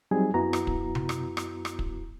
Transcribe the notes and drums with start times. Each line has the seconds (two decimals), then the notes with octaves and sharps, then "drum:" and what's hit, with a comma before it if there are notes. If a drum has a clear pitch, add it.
0.11 F#3 G3 C4 D#4 G#4 G#5
0.34 F#2 B3 E4 F#4 A#5
0.53 drum: rim click
0.67 drum: kick
0.95 drum: tom C3
1.09 drum: rim click
1.37 drum: rim click
1.65 drum: rim click
1.79 drum: kick